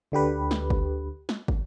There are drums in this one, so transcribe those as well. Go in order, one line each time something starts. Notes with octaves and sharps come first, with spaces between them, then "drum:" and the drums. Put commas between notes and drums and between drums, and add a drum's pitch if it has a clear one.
D2 D3 G4 B4
drum: snare
drum: kick
drum: snare
drum: kick